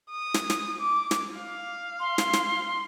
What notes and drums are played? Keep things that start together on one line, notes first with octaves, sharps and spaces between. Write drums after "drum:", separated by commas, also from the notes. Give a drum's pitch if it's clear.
D#6
drum: snare
drum: snare
D6
drum: snare
F5
C6
drum: snare
drum: snare